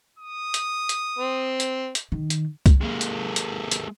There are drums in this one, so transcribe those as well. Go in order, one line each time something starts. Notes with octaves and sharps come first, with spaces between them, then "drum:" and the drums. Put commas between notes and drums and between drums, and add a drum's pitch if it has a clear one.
D#6
drum: hi-hat
drum: hi-hat
C4
drum: hi-hat
drum: hi-hat
D#3
drum: hi-hat
drum: kick C2, hi-hat
G#3 A#3
drum: hi-hat
drum: hi-hat
drum: hi-hat